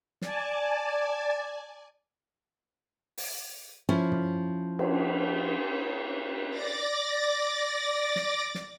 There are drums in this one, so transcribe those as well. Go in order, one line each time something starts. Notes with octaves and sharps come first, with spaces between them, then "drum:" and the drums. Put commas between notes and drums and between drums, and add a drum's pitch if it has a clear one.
D5 G#5 A5, drum: snare
drum: open hi-hat
F3 C#4 E4 F4
drum: tom
drum: cymbal
D5 D6 A6 A#6
drum: snare
drum: snare